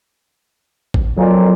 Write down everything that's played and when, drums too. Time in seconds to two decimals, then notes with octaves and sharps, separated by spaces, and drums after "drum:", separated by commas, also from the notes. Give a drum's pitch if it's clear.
0.94 drum: kick
1.18 F2 A#2 F#3